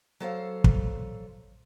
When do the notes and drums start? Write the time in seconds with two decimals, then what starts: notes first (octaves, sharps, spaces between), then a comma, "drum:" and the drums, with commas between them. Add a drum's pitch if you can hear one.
0.20 F#3 A4 C5 F5
0.64 drum: kick